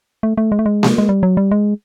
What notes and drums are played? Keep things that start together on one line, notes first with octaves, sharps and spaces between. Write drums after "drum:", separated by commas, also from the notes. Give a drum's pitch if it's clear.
A3
A3
G#3
A3
G#3
drum: snare A#3
G#3
G3
F#3
G3
G#3